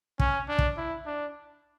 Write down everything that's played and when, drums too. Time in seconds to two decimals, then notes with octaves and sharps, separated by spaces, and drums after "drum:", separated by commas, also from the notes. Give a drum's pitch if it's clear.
0.19 C#4, drum: kick
0.48 D4
0.59 drum: kick
0.78 E4
1.06 D4